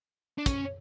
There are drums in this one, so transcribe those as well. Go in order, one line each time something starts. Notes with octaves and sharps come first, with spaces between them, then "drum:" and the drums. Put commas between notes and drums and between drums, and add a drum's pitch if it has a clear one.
D4
C#4, drum: kick, hi-hat